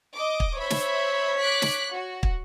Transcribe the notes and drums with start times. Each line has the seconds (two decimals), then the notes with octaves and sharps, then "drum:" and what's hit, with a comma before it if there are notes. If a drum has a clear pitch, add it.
0.13 D#5 D6
0.40 drum: kick
0.59 C5 C#5 E5 B5
0.70 drum: snare
1.36 D6 F#6 B6
1.62 drum: snare
1.92 F#4
2.23 drum: kick